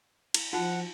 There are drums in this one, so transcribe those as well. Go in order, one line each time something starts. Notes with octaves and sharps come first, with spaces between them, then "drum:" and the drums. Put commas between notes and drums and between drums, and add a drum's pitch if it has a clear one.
E4, drum: cymbal
F3 D#4 F4 F#4 F#5 A5